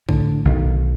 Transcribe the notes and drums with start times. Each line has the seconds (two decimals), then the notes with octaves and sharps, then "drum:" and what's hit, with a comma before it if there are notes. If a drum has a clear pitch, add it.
0.09 A2 D3, drum: kick A#1
0.45 B1 D#3